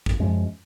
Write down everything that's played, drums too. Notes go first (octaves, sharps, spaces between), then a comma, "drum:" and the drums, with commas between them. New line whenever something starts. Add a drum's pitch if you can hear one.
drum: kick
F#2 F3 G#3 C#4